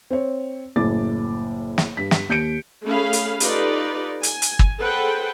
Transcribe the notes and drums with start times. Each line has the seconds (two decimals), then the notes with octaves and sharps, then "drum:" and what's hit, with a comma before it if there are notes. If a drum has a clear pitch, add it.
0.11 C4 C#5
0.76 F#1 A2 D6 A6
1.78 drum: snare
1.97 G2 B6
2.11 drum: snare
2.29 D#2 G6 C#7 D7
2.84 A3 C#4 G#4 F5 B5
3.13 drum: hi-hat
3.40 D#4 F4 G4 A4 B4 D5, drum: hi-hat
4.23 G#5, drum: hi-hat
4.42 drum: hi-hat
4.59 drum: kick
4.79 G#4 A4 B4 C5 F#5 G5